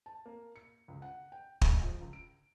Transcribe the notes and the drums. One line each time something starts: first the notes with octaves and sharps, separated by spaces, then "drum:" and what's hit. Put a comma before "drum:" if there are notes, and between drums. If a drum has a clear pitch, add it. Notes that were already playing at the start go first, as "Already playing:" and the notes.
A5
A#3
C#7
C#2
F#5
G5
G#3, drum: kick
F3
C#2
D7